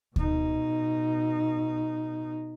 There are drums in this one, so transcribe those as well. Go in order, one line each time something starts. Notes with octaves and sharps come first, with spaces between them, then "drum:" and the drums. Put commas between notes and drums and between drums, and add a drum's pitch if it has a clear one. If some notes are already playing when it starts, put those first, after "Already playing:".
B2 D#4, drum: kick D2